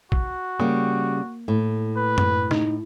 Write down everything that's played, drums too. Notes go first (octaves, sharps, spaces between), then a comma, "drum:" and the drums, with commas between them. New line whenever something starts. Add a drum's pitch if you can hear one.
F#4, drum: kick
C#3 G3 A#3
A2
B4
drum: tom F#2
D#4, drum: snare